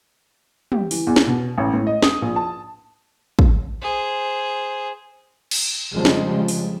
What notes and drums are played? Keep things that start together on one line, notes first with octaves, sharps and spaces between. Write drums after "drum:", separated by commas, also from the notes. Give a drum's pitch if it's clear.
G4, drum: tom
E3, drum: open hi-hat
E2
drum: snare
B2
A1
A2
D#5
D#6, drum: snare
A#1
A5
drum: kick
G#4 C5
drum: cymbal
F2 C#3 F3 G3 G#3
drum: snare
drum: open hi-hat